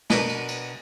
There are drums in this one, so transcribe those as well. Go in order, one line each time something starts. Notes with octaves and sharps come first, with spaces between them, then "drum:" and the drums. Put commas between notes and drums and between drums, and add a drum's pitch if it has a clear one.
B2 B3 D4 A#4, drum: snare
drum: cymbal
drum: cymbal